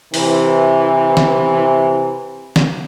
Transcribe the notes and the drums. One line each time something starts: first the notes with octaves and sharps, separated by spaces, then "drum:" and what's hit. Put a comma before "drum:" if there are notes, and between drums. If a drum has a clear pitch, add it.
C3 E3, drum: open hi-hat
drum: snare
drum: snare